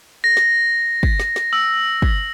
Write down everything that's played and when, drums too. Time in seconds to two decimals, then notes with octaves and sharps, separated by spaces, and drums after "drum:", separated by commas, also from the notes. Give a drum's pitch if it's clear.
0.24 A#6
0.37 drum: snare
1.03 drum: kick
1.20 drum: snare
1.36 drum: snare
1.53 E6
2.02 drum: kick